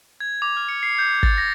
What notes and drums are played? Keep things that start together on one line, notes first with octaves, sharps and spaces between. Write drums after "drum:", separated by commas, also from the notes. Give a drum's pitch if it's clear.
G#6
D6
F6
C#7
C7
G6
A6, drum: kick
A#6